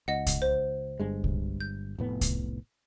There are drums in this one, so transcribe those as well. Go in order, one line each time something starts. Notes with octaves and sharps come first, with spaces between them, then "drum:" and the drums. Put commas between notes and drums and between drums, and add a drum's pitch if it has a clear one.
C#2 D#5 F#5
drum: kick C2, hi-hat
C5
G1 G2 G#3
drum: kick C2
G6
F1 A2 B3
drum: kick C2, hi-hat